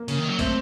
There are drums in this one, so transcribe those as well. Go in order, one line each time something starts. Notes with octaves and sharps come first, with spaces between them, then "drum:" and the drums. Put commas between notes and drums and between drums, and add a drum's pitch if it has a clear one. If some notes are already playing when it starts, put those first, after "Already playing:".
Already playing: A#3
C#3, drum: hi-hat
D#3
F#3
A3 C4, drum: kick, hi-hat